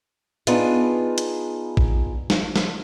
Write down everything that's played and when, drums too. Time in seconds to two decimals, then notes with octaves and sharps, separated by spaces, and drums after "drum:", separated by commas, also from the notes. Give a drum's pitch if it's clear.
0.47 B3 D4 D#4 F4 G#4, drum: hi-hat
1.18 drum: hi-hat
1.77 drum: kick A1
2.30 drum: snare
2.56 drum: snare